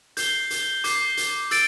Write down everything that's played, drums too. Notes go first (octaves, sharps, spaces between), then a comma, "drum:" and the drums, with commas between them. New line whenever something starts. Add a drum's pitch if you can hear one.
G6 C7 G7, drum: hi-hat
drum: hi-hat
D6 G6 C7, drum: hi-hat
drum: hi-hat
E6 A6 D7, drum: hi-hat